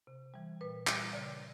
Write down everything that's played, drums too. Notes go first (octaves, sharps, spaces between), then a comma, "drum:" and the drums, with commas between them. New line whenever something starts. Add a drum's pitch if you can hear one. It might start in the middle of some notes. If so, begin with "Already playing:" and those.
C3
E3 G3
A#2 B4
G3, drum: clap
C#3 D5